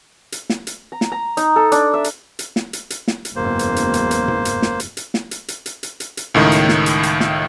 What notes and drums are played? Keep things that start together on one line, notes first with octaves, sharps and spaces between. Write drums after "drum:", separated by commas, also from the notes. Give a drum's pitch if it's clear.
drum: hi-hat
drum: snare
drum: hi-hat
A#5
drum: snare
A#5
D#4, drum: hi-hat
A4
D4, drum: hi-hat
E5
drum: hi-hat
drum: hi-hat
drum: snare
drum: hi-hat
drum: hi-hat
drum: snare
drum: hi-hat
F#1 E2 G#2 A#3 C5
drum: hi-hat
drum: hi-hat
drum: hi-hat
drum: hi-hat
drum: tom G#2
drum: hi-hat
drum: snare
drum: hi-hat
drum: hi-hat
drum: snare
drum: hi-hat
drum: hi-hat
drum: hi-hat
drum: hi-hat
drum: hi-hat
drum: hi-hat
C#2 A2 D#3
drum: hi-hat
drum: snare
drum: hi-hat
drum: hi-hat
drum: snare